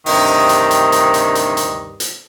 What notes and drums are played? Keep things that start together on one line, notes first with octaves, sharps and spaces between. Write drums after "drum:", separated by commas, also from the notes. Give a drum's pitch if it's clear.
D2 G2 C3 D#3 D#5, drum: open hi-hat
drum: hi-hat
drum: hi-hat
drum: hi-hat
drum: hi-hat
drum: hi-hat
drum: hi-hat
drum: hi-hat